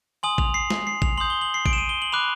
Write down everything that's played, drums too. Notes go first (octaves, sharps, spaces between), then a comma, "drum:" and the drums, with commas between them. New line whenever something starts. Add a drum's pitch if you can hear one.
G#5 C6 D#6 F#7
F7, drum: kick A1
C7
drum: snare
C7
F7, drum: kick A1
C6 D#6 G6 F#7
G7
F#7
C7
D7, drum: kick A1
E7
D#7
G7
F#7
B5 D6 F#6 F7